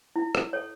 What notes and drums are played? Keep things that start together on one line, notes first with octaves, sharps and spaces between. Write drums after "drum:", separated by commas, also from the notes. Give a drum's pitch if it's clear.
E4
drum: rim click
A4 C#5